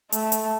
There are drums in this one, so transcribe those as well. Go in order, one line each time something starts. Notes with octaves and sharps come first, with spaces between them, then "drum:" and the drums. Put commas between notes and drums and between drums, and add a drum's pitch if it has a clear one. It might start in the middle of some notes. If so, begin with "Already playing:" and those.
A3, drum: hi-hat
drum: hi-hat